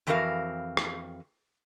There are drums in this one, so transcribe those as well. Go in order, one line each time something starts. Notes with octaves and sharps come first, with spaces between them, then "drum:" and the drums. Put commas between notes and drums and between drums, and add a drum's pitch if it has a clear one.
F2 E3 C4 F#4 A#4 F5
drum: rim click